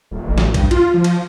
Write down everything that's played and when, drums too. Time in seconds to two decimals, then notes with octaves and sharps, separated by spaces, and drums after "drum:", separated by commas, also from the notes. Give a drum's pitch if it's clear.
0.11 D#1
0.27 A1
0.38 drum: snare
0.54 G2, drum: kick A#1, cymbal
0.71 F4, drum: cymbal
0.94 F3
1.04 drum: cymbal